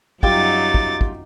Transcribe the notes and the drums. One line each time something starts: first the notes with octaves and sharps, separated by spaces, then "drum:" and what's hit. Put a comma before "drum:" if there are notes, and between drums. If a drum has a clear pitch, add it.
F#2 F#3 G3 D#4 F4 G5 D6 A6, drum: kick
drum: kick
drum: kick